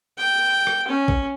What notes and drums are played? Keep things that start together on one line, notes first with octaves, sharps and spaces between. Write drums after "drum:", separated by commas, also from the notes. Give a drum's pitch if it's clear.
G5
drum: rim click
C#4
drum: kick A1